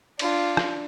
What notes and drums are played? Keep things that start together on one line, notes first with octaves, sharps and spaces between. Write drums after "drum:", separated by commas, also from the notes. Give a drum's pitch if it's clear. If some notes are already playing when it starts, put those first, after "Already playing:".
D4 F4, drum: cymbal
drum: rim click